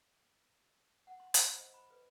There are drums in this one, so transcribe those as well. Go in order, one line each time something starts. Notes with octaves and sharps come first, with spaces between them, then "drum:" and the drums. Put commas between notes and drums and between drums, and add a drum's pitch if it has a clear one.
F#5
C6
B5, drum: hi-hat
C5
D#5
B5
B4